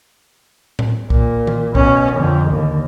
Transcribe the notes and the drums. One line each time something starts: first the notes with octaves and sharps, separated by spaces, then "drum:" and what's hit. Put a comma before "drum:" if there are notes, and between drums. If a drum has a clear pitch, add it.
drum: tom A2
A#2, drum: kick
drum: tom D#3
B2 C#4, drum: kick
F2 D3
D#2 D3